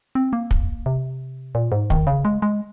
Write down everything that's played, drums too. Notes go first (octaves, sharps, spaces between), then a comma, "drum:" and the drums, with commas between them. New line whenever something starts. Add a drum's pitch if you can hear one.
C4
A#3
drum: kick
C3
A#2
G#2
D#3, drum: kick
C#3
G#3
G#3